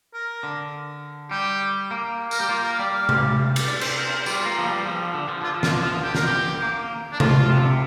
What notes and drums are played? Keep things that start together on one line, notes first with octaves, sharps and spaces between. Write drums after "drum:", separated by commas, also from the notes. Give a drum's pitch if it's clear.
A#4
D3
G3 G4
A#3
A#4, drum: tambourine
G3 G4
A#3 F4
A#4
F5
G3 D5
F5
drum: tom C3
drum: cymbal
D5
C5, drum: cymbal
A#4
C5
A#4
G3 F4, drum: tambourine
A#3
F3
G3
F3
D3
F3
D3 F4
F3
F4, drum: snare
D3
F3 F4
D3
G4
A#4, drum: snare
G4
A#3
D4
F3 F4, drum: tom C3
C3
D3
C3